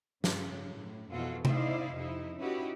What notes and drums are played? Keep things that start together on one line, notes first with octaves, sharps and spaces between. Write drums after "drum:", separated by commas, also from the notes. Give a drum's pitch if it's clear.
G2 C#3 F#3, drum: snare
A2
F2 B2 E3 F4 F#4 A4
D#4 E4 C5 D5 D#5 F5, drum: tom C3
F2 C3 D#4 E4
C#4 D#4 E4 F#4 G4 B4